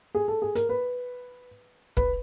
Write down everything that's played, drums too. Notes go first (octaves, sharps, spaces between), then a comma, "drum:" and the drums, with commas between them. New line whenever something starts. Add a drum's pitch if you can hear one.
G#4
A4
G#4
A#4, drum: hi-hat
B4
B4, drum: kick